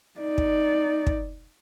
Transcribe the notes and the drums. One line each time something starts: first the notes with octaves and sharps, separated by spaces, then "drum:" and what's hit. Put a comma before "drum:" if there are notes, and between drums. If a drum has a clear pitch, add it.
D#4 D5
drum: kick
drum: kick